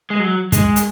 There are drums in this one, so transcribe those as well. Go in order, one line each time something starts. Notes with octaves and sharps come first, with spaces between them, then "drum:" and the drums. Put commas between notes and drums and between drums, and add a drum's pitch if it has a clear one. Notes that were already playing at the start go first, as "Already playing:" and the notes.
G#3
F#3
G#3, drum: kick, hi-hat
drum: hi-hat